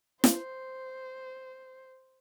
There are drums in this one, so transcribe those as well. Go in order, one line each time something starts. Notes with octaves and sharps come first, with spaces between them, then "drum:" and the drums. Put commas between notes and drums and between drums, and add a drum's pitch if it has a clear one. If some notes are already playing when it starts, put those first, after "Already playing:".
C5, drum: snare